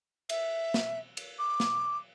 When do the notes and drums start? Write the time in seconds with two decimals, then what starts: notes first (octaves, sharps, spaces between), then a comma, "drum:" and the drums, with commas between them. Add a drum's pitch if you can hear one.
0.29 E5, drum: cymbal
0.74 drum: snare
1.17 drum: cymbal
1.38 D6
1.60 drum: snare